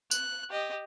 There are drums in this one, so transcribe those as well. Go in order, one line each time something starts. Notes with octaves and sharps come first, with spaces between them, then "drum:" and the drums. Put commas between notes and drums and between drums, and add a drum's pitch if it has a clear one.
F#6, drum: tambourine
G4 D#5